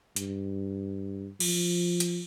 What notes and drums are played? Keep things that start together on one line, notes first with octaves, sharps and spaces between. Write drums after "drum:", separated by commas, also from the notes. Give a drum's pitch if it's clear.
G2, drum: hi-hat
F3, drum: cymbal
drum: hi-hat